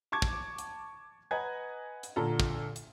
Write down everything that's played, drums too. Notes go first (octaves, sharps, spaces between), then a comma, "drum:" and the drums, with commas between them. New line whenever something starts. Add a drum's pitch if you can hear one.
A5 C#6 D6 G#6
drum: kick
drum: hi-hat
B4 D#5 F#5 G#5 A#5 G#6
drum: hi-hat
A#2 D3 A4 A#5
drum: kick
drum: hi-hat